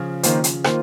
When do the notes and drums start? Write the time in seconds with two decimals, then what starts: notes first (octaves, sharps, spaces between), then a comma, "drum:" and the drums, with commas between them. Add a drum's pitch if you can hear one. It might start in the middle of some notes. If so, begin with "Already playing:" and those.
Already playing: C#3 F3
0.23 D#3 A#3 F4 C5, drum: hi-hat
0.44 drum: hi-hat
0.64 D#3 A#3 F4 C5, drum: rim click